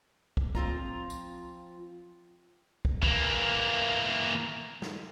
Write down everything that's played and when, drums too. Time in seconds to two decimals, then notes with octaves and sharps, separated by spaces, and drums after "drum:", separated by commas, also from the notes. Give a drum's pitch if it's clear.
0.37 drum: kick
0.55 F3 C4 F4 A#5, drum: kick
1.10 drum: tambourine
2.85 drum: kick
3.03 E3 A#3, drum: kick
4.82 drum: snare